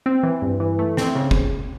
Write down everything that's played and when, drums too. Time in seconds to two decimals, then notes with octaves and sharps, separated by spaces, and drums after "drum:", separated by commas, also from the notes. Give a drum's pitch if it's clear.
0.06 C4
0.23 E3
0.42 G2
0.60 E3
0.79 A3
0.97 C4, drum: snare
1.15 C#3
1.31 drum: kick